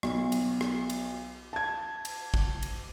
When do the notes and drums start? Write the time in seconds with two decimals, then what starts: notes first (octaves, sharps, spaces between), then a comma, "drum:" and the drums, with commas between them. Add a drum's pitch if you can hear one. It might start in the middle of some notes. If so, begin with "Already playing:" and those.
0.03 B1, drum: rim click
0.32 drum: cymbal
0.61 drum: rim click
0.90 drum: cymbal
1.53 A5 G#6
2.05 drum: cymbal
2.34 drum: kick
2.62 drum: cymbal